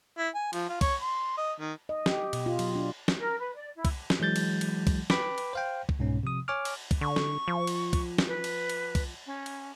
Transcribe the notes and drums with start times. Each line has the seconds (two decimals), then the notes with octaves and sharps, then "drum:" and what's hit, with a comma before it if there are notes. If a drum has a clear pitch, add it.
0.18 E4
0.35 G#5
0.53 F3, drum: cymbal
0.69 F4
0.81 C#5, drum: kick, cymbal
1.01 C6
1.37 D#5
1.60 D#3
1.89 D#5
2.06 G4, drum: snare
2.33 B2, drum: cymbal
2.46 F4
2.59 F#3, drum: cymbal
2.75 D4
3.08 drum: snare
3.17 A#4
3.38 B4
3.54 D5
3.75 E4
3.85 drum: kick, cymbal
4.10 drum: snare
4.20 E3 F#3 G#3 G6 A6
4.36 drum: cymbal
4.61 drum: cymbal
4.87 drum: kick, cymbal
5.10 B4 G5 B5 D6, drum: snare
5.38 drum: cymbal
5.53 C5 F5 G5
5.89 drum: kick
5.99 C2 G#2 B2 C#4
6.23 C3 F3 D#6
6.48 C#5 G#5 C#6 D6 F6
6.65 drum: cymbal
6.91 drum: kick, cymbal
7.01 D3 C#6
7.16 drum: snare
7.48 F3
7.67 drum: cymbal
7.93 drum: kick, cymbal
8.18 drum: snare
8.28 B4
8.44 drum: cymbal
8.69 drum: cymbal
8.95 drum: kick, cymbal
9.26 C#4
9.46 drum: cymbal